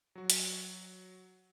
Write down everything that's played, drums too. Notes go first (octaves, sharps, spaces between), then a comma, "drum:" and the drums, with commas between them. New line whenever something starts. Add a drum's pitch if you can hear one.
F#3 F#4
drum: hi-hat